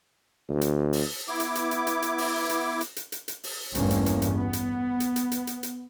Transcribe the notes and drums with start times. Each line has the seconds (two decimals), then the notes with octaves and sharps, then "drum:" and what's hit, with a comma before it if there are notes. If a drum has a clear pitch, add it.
0.50 D2
0.61 drum: hi-hat
0.93 drum: open hi-hat
1.28 B3 E4 D6
1.40 drum: hi-hat
1.55 drum: hi-hat
1.71 drum: hi-hat
1.87 drum: hi-hat
2.02 drum: hi-hat
2.18 drum: open hi-hat
2.49 drum: hi-hat
2.81 drum: hi-hat
2.96 drum: hi-hat
3.12 drum: hi-hat
3.28 drum: hi-hat
3.43 drum: open hi-hat
3.75 A1 E2 G2 A#3 C#4, drum: hi-hat
3.90 drum: hi-hat
4.06 drum: hi-hat
4.22 drum: hi-hat
4.34 B3
4.53 drum: hi-hat
5.00 drum: hi-hat
5.16 drum: hi-hat
5.32 drum: hi-hat
5.47 drum: hi-hat
5.63 drum: hi-hat